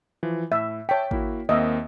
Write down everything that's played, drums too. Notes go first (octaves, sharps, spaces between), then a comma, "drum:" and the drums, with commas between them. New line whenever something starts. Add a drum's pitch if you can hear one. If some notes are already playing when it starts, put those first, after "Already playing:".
E3 F3
A2 E5
C#5 E5 G5 A5 B6
A#3 E4 F#4, drum: kick G#1
D#2 A#3 C4 D#5 E5